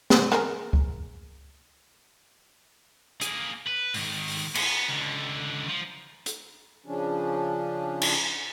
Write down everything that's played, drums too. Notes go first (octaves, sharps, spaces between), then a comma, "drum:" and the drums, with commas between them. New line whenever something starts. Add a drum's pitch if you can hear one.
drum: snare
A#3 G#4 A#4, drum: rim click
drum: kick C#2
A#3 G#4, drum: hi-hat
B4
G#2 D#3, drum: open hi-hat
drum: open hi-hat
B3, drum: cymbal
C#2 D3
F3
drum: hi-hat
C#3 F3 C#4 D4
drum: cymbal